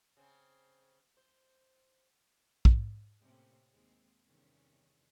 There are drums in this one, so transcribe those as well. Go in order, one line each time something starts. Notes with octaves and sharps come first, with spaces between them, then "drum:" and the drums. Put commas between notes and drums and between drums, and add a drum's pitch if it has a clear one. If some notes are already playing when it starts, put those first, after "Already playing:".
C#3 C4
C5
drum: kick
A2 C3 A#3 C4 C#4
D#2 G#3 C4
E2 G2 C3 D#3 C#4